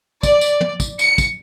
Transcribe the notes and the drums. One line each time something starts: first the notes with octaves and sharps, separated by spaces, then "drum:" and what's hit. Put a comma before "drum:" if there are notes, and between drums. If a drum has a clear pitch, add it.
D5, drum: kick, tambourine
drum: tambourine
drum: tom
drum: kick, tambourine
C#7, drum: tambourine
drum: kick, tambourine